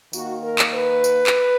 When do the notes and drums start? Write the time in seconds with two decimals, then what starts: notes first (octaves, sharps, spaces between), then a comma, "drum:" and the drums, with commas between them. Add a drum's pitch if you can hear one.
0.13 D#3 A#3 F#4, drum: tambourine
0.43 A#4
0.59 drum: clap
0.74 B4
1.04 drum: tambourine
1.27 drum: clap